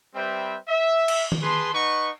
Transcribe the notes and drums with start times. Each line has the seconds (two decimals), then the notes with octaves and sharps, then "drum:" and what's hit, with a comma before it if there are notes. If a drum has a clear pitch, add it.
0.15 G3 C4 B4 C5 E5 G5
0.68 E5
1.08 drum: cymbal
1.32 drum: tom D#3
1.42 G#4 B4 A5 C6
1.74 D#4 B4 D#5 F#5 C#6